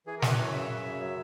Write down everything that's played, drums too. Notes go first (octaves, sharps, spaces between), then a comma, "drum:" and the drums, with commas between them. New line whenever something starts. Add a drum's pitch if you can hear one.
E3 G#4
A#4
F#2, drum: snare
B4
F#2 C#5
C#3 E5
C#3
F#2
F#3